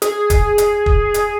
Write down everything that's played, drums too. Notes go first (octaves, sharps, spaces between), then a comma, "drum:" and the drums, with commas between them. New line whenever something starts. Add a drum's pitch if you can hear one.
G#4, drum: hi-hat
drum: kick, hi-hat
drum: hi-hat
drum: kick
drum: hi-hat